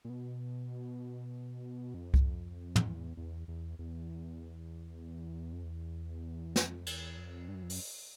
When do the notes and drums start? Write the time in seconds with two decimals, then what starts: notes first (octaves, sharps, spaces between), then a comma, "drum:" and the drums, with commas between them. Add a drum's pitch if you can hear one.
0.05 A#2
0.10 B2
1.94 F2
2.14 drum: kick C2
2.76 drum: tom
2.87 E2
3.17 E2
3.48 E2
3.79 E2
5.53 F2
5.64 E2
6.56 F2, drum: snare
6.87 E2, drum: cymbal
7.17 F2
7.48 G2
7.55 F#2
7.63 F2
7.70 F#2, drum: open hi-hat